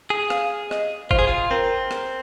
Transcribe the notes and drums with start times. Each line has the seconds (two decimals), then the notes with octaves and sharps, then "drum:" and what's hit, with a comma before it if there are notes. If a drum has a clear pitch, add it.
0.10 G#4
0.30 F5, drum: rim click
0.71 D#5, drum: rim click
1.11 F4 C5, drum: kick
1.19 G#4
1.27 F4
1.51 C4 A#4
1.91 drum: rim click